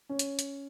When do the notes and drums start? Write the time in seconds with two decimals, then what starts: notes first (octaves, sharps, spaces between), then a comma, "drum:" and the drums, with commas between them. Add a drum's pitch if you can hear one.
0.09 C#4
0.19 drum: hi-hat
0.39 drum: hi-hat